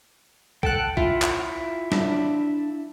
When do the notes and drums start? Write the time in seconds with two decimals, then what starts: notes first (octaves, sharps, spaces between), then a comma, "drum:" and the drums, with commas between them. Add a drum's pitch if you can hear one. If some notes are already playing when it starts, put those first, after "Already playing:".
0.63 A4 F#5 G5 A5 F#6, drum: kick B1
0.97 E4 F4, drum: kick B1
1.22 drum: clap
1.92 D4 E5 B5, drum: snare